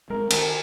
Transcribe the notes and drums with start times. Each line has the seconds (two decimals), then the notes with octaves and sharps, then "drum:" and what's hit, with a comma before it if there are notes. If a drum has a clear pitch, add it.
0.10 G#3 C4 A#4
0.31 D#3 A#4, drum: cymbal